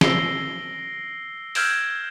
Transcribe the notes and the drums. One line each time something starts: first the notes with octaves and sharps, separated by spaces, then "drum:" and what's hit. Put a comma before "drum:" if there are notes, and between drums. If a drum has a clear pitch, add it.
E6 A#6 C7 D7 G7, drum: snare
E6 F6 G6 G#6 D7 E7, drum: open hi-hat